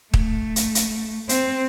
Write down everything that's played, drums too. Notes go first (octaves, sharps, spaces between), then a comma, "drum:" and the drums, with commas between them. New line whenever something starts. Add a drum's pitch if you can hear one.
A3, drum: kick
drum: hi-hat
drum: hi-hat
C4, drum: hi-hat